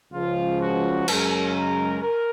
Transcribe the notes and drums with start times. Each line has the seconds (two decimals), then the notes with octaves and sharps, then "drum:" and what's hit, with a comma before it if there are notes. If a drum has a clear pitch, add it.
0.13 C#2 C#3 F3 F4
0.61 F#4
1.08 F#2 C#3 G#3 A#4, drum: cymbal
1.55 A#4
2.02 A#4